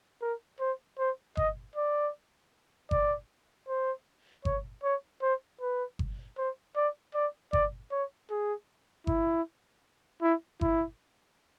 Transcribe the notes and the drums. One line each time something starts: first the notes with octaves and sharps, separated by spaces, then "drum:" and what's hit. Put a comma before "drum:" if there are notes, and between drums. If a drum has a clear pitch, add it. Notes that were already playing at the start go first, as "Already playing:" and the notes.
A#4
C5
C5
D#5, drum: kick G1
D5
D5, drum: kick G1
C5
C#5, drum: kick G1
C#5
C5
B4
drum: kick G1
C5
D5
D5
D5, drum: kick G1
C#5
G#4
E4, drum: kick G1
E4
E4, drum: kick G1